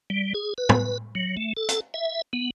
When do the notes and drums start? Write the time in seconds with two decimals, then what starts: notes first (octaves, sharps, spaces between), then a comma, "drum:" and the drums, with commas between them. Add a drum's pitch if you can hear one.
0.10 G3
0.34 G#4
0.58 B4
0.69 drum: tom
1.15 F#3
1.37 A3
1.57 A4
1.69 drum: hi-hat
1.94 E5
2.33 B3